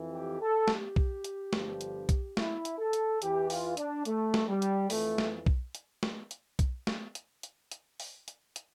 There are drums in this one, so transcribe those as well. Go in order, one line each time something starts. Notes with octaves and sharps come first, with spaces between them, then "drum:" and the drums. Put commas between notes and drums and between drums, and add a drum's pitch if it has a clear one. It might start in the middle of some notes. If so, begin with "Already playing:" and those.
Already playing: F2 E3
G4
A4
G4, drum: snare
drum: kick B1
drum: hi-hat
G1 G2 D3 F3, drum: snare
drum: hi-hat
drum: kick B1, hi-hat
E4, drum: snare
drum: hi-hat
A4
drum: hi-hat
E2 E3 G4, drum: hi-hat
F4, drum: open hi-hat
D4, drum: hi-hat
A3, drum: hi-hat
drum: snare
G3
drum: hi-hat
F2 E3 A3, drum: open hi-hat
drum: snare
drum: kick B1
drum: hi-hat
drum: snare
drum: hi-hat
drum: kick B1, hi-hat
drum: snare
drum: hi-hat
drum: hi-hat
drum: hi-hat
drum: open hi-hat
drum: hi-hat
drum: hi-hat